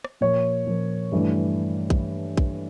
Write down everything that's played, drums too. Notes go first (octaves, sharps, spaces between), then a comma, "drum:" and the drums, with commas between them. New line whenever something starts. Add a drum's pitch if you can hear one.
drum: rim click
A#2 F3 A#3 C#5
A#2 F3 A#3
G2 E3 A3 D4
drum: kick A#1
drum: kick A#1